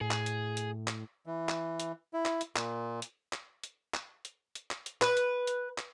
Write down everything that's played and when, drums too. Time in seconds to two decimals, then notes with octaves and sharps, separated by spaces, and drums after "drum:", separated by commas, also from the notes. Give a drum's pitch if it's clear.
0.01 A2 G#4
0.11 drum: clap
0.26 drum: hi-hat
0.57 drum: hi-hat
0.88 drum: clap
1.26 E3
1.49 drum: clap
1.80 drum: hi-hat
2.13 E4
2.26 drum: clap
2.41 drum: hi-hat
2.56 A#2, drum: clap
3.02 drum: hi-hat
3.33 drum: clap
3.63 drum: hi-hat
3.94 drum: clap
4.25 drum: hi-hat
4.55 drum: hi-hat
4.71 drum: clap
4.86 drum: hi-hat
5.02 B4, drum: clap
5.17 drum: hi-hat
5.47 drum: hi-hat
5.78 drum: clap